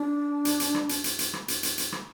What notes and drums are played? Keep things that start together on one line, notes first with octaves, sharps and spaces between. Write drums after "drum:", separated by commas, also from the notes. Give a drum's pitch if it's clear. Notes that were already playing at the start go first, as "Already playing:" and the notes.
Already playing: D4
drum: hi-hat
drum: hi-hat
drum: rim click
drum: hi-hat
drum: hi-hat
drum: hi-hat
drum: rim click
drum: hi-hat
drum: hi-hat
drum: hi-hat
drum: rim click